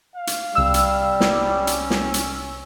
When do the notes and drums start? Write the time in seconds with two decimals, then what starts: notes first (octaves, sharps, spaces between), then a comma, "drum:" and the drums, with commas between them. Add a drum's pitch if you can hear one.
0.16 F5
0.27 drum: hi-hat
0.55 C2 G3 E6
0.74 drum: hi-hat
1.21 drum: snare
1.44 C#4
1.67 drum: hi-hat
1.90 drum: snare
2.14 drum: hi-hat